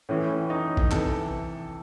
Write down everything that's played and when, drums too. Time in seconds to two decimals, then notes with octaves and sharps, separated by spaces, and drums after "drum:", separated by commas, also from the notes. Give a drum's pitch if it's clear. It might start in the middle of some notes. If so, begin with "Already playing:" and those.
0.09 A2 E3 C#4
0.50 D#4
0.77 drum: kick A1
0.91 C3 E3 A4, drum: clap